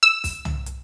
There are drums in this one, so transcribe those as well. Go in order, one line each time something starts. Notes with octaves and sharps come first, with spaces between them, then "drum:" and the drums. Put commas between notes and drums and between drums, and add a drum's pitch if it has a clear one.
E6
drum: kick, open hi-hat
drum: tom
drum: hi-hat